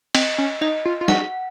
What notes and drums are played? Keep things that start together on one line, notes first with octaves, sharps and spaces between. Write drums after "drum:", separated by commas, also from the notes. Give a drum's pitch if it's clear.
C4 D#5, drum: cymbal
C#4
D#4 D#5
F4
F4
F#4 F#5, drum: snare